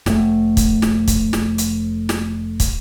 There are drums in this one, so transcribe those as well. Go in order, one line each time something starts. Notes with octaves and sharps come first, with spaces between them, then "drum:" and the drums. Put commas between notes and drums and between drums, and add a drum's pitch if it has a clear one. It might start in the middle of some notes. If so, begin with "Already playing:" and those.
F1 A3, drum: snare
drum: kick, hi-hat
drum: snare
drum: kick, hi-hat
drum: snare
drum: hi-hat
drum: snare
drum: kick, hi-hat